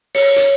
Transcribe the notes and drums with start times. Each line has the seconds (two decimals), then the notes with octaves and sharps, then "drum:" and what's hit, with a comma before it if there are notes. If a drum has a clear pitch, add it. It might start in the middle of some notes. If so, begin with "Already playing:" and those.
0.15 C#5, drum: open hi-hat
0.36 drum: hi-hat